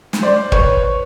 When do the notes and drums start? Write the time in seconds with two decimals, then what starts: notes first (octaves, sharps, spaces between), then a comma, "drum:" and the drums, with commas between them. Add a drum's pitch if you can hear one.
0.13 drum: snare
0.22 C5 D5
0.52 B4 C#5, drum: kick